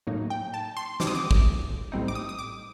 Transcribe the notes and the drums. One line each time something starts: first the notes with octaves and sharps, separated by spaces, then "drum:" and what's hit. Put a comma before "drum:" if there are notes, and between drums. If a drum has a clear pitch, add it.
A2 F#3 A#3 D#4
G5
A5
C6
D#3 G3 C4 D6, drum: snare
D#6
D6
drum: kick
A2 G3 C4 D#4
D6
D#6
D#6
D6